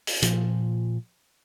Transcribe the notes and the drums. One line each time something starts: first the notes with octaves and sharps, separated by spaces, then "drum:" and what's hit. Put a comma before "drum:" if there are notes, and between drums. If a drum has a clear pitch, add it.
drum: open hi-hat
A#2 F3, drum: hi-hat